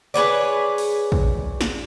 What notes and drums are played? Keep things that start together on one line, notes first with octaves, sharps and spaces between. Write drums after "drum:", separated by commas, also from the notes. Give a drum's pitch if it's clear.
G#4 B4 C#5 D5
drum: open hi-hat
drum: kick
drum: snare